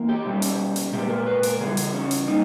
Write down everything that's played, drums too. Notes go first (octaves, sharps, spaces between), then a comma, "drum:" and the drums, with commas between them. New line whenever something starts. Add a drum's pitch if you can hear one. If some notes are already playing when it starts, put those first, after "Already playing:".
Already playing: E3 A#3
G4
B2 G3 C#4
drum: hi-hat
drum: hi-hat
A#2 G#3 B3 G4
A#4
B4
A#4, drum: hi-hat
C#3 E3 G3 G#4
drum: hi-hat
C#4
drum: hi-hat
G3 A#3 D#4